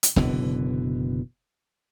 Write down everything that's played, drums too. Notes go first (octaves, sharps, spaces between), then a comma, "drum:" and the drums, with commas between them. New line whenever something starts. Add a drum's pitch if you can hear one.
drum: hi-hat
F#1 B2 D3 E3, drum: kick